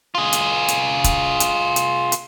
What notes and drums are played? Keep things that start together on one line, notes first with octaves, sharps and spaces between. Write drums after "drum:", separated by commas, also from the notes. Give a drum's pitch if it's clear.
F4 G#4
drum: hi-hat
drum: hi-hat
drum: kick, hi-hat
drum: hi-hat
drum: hi-hat
drum: hi-hat